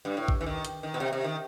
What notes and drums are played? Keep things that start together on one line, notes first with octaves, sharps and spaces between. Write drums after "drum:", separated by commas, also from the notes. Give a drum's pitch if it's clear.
G2
A2
drum: kick A1
E3
D#3
drum: hi-hat
D#3
B2
C3
C3
D#3